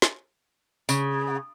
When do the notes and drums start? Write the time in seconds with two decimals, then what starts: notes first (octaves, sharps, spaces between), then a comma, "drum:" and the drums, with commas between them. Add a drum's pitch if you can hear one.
0.02 drum: snare
0.89 C#3, drum: tambourine